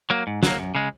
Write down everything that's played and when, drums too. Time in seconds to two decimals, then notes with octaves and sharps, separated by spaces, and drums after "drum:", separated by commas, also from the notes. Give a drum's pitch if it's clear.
0.10 F#3 A#3
0.27 G#2
0.43 F#3 A#3, drum: snare
0.59 F#2
0.75 C#3 G#3